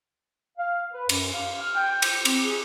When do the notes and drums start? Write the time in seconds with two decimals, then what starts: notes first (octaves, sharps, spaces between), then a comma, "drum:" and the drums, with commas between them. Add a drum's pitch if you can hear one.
0.58 F5
0.93 B4
1.09 F#2, drum: cymbal
1.33 F5
1.61 F6
1.75 G5
1.92 G5
2.02 drum: cymbal
2.25 C4, drum: cymbal
2.42 G#4